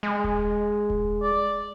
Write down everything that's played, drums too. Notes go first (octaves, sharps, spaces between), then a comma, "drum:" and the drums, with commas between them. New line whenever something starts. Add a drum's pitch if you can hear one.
G#3
drum: kick D#1
drum: kick D#1
D5